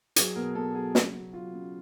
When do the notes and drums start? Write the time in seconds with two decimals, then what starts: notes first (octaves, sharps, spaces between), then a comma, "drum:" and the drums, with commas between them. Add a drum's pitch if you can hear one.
0.16 F#3 G#4, drum: hi-hat
0.36 B2 A#4
0.55 B2 A4
0.74 F#3 G#4
0.95 C#3, drum: snare
1.14 C#3
1.33 F#3 F4
1.53 C#3